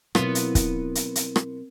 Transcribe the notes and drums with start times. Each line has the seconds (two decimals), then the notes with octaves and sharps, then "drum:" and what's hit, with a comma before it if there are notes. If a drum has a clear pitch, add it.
0.15 B2 F#3 B3 C4 E4 F4 A#4, drum: rim click
0.35 drum: hi-hat
0.55 drum: kick, hi-hat
0.95 drum: hi-hat
1.15 drum: hi-hat
1.36 drum: rim click